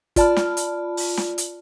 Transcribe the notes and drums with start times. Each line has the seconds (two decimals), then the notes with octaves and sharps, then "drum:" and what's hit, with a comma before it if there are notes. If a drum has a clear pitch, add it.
0.16 F4 D5 A5 B5 F6, drum: kick, hi-hat
0.37 drum: snare
0.57 drum: hi-hat
0.97 drum: open hi-hat
1.17 drum: snare
1.38 drum: hi-hat